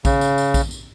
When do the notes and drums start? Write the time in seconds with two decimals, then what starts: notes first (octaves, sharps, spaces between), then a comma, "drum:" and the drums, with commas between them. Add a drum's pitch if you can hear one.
0.05 C#3, drum: kick A#1, tambourine
0.21 drum: tambourine
0.38 drum: tambourine
0.54 drum: kick A#1, tambourine
0.71 drum: tambourine